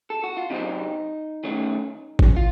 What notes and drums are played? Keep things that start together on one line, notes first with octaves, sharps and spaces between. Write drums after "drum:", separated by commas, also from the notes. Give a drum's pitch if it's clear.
A4
F#4
F4
C3 F#3 C4 D#4
D#3 A3 C#4
drum: kick G#1
F4